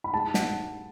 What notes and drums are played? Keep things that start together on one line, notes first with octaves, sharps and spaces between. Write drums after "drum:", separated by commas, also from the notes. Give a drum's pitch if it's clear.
B5
G#3 A5
F#5, drum: snare